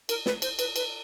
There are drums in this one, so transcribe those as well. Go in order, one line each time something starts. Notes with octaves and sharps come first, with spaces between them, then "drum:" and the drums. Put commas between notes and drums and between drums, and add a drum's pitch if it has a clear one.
A#4, drum: cymbal
B4, drum: snare
C5, drum: cymbal
B4, drum: cymbal
B4, drum: cymbal